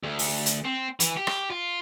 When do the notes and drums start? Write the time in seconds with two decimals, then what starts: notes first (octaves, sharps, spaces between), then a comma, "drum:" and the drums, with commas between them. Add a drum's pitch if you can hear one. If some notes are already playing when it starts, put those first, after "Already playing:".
0.03 D2
0.19 drum: open hi-hat
0.46 drum: hi-hat
0.65 C4
1.00 E3, drum: hi-hat
1.17 G4
1.27 drum: rim click
1.50 F4